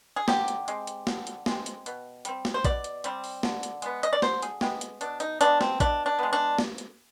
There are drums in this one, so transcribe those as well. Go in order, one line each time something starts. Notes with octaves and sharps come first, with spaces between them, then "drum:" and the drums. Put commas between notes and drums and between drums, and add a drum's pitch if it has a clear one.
G#4
D3 G4, drum: snare
drum: hi-hat
G#3 C4, drum: hi-hat
drum: hi-hat
D3, drum: snare
drum: hi-hat
G#3 C4, drum: snare
drum: hi-hat
B2, drum: hi-hat
G3 C4, drum: hi-hat
drum: snare
C5
B2 D5, drum: kick A#1, hi-hat
drum: hi-hat
G3 C4, drum: hi-hat
drum: open hi-hat
D3, drum: snare
drum: hi-hat
G#3 B3, drum: hi-hat
D#5, drum: hi-hat
D5
D3 C5, drum: snare
G#4, drum: hi-hat
G#3 B3 G4, drum: snare
drum: hi-hat
B2 D4, drum: hi-hat
D#4, drum: hi-hat
G#3 B3 D4, drum: hi-hat
C4, drum: snare
B2 D4, drum: kick A#1, hi-hat
D4
G#3 B3
D4
drum: snare
drum: hi-hat